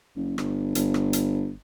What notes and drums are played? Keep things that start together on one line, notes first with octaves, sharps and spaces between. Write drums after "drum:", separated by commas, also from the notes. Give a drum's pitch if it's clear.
F#1
G1, drum: rim click
G1, drum: hi-hat
drum: rim click
drum: hi-hat